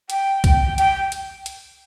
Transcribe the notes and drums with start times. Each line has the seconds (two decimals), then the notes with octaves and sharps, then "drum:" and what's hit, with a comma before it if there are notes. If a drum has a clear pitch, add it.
0.10 G5, drum: hi-hat
0.44 drum: kick, hi-hat
0.78 G5, drum: hi-hat
1.12 drum: hi-hat
1.46 drum: hi-hat